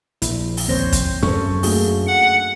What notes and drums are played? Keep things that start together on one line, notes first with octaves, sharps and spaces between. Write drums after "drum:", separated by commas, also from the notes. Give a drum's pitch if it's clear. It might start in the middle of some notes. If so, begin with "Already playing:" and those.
A#1 E4, drum: hi-hat
drum: open hi-hat
G1 D#2 C4 C5 C#5 A#6
drum: kick, hi-hat
F#2 C#4 A4 C5 C#6
A3 A#3 D4 F#4 G#4, drum: open hi-hat
F#5